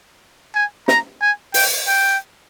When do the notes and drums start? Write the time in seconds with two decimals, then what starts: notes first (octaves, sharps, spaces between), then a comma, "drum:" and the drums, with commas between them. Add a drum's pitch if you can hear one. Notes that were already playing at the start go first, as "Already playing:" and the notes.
0.55 G#5
0.88 A#5, drum: snare
1.21 G#5
1.54 G5, drum: open hi-hat
1.87 G5